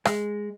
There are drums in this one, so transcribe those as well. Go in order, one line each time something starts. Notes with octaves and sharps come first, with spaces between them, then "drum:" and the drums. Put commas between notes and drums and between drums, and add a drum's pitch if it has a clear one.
G#3, drum: rim click